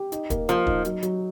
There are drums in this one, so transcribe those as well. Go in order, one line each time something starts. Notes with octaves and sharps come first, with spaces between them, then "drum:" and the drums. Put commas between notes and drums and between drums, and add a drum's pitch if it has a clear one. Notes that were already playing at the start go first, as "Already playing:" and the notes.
Already playing: G4
D#4, drum: hi-hat
A#3, drum: kick, hi-hat
F3 A#3, drum: hi-hat
D#4, drum: kick
F#3, drum: hi-hat
F#3, drum: hi-hat